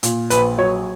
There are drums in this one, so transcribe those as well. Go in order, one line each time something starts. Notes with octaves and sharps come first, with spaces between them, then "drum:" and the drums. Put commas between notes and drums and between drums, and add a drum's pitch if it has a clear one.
A#2, drum: hi-hat
A#1 B4, drum: hi-hat
F#3 C#5